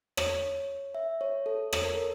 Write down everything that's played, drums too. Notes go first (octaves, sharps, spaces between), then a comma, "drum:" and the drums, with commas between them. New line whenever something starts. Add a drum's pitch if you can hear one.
C#5, drum: rim click
E5
C#5
A4
C#5, drum: rim click
A#4
A4